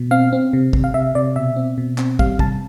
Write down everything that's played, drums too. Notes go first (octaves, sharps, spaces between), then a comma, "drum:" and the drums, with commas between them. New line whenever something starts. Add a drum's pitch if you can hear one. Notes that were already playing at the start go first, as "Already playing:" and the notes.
Already playing: B2
C4 F5
C4
C3
C3, drum: kick
F5
C3 E5
C3 D5
B2 E5
C4
B2
C4, drum: clap
G3 F5, drum: kick
C3 A5, drum: kick